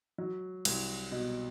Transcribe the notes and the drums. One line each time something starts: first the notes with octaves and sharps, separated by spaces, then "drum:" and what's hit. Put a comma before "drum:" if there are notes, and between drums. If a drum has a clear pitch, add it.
F#3
C2, drum: cymbal
B2